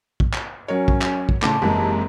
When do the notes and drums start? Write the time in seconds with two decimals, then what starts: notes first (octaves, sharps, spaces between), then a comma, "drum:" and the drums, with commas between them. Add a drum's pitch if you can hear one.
0.20 drum: kick
0.34 drum: clap
0.68 F#3 C#4 A#4 C#5
0.88 drum: kick
1.02 drum: clap
1.29 drum: kick
1.42 A2 C#3 A5 C6 D6, drum: clap
1.62 F#1 G#2 C3 E3 G#3